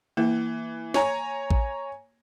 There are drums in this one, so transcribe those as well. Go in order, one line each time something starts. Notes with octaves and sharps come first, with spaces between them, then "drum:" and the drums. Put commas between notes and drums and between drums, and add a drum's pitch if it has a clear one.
E3 A#3
C#5 G#5 A#5, drum: snare
drum: kick A1